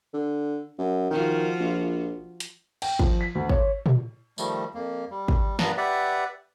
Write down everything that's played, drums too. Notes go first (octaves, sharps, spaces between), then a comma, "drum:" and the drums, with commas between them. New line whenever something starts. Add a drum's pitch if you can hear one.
D3
F#2
D#3 F3 F4 F#4
A#1
drum: hi-hat
G5, drum: cymbal
F3, drum: kick
B6
D2
C#5, drum: kick
drum: tom
D#3 F3 G3 A3, drum: tambourine
F2 A#3
G3
drum: kick
G2 A#2 B3 B4 A5 A#5, drum: snare
G4 B4 D5 E5 F#5